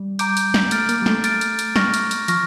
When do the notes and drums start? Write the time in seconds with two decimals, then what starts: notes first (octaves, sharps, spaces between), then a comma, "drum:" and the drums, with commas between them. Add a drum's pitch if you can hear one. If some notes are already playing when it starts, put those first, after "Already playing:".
Already playing: G3
0.19 A#5 D6 G6 D7, drum: hi-hat
0.37 drum: hi-hat
0.54 drum: snare
0.71 A3 F6 A6 D7, drum: hi-hat
0.89 A#3, drum: hi-hat
1.02 G3
1.06 A3, drum: snare
1.24 F6 A6 D7, drum: hi-hat
1.41 drum: hi-hat
1.59 drum: hi-hat
1.76 C#6 F6 A#6, drum: snare
1.94 drum: hi-hat
2.11 drum: hi-hat
2.28 F3 C#6 F6 A#6, drum: hi-hat